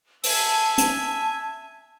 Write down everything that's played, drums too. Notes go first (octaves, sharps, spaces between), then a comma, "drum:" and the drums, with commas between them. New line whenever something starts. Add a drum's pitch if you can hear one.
E5 G#5 A5, drum: open hi-hat
drum: hi-hat